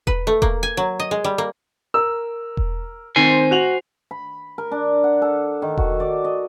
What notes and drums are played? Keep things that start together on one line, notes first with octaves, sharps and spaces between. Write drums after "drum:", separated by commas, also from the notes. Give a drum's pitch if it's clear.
B4, drum: kick E1
A3
A#3, drum: kick E1
G#5
F#3
D#5
G#3
G3
A#3
A#4 E6
drum: kick E1
D#3 C4 C5 G#5
F#4 F7 F#7
B5
A#4
D4
F#5
A4
D#3
F#4, drum: kick E1
D5
D#5